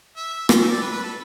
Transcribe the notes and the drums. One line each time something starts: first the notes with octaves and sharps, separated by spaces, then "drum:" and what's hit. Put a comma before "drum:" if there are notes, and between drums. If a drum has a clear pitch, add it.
E5
G5, drum: rim click
E5
D5
B4
B4
A4